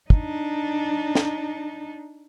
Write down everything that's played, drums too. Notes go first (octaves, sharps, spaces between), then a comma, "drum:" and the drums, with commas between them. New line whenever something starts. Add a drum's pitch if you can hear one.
D4 D#4, drum: kick
drum: snare